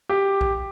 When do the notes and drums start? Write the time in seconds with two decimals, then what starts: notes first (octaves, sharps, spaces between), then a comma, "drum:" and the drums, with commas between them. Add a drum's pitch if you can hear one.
0.09 G4
0.41 drum: kick B1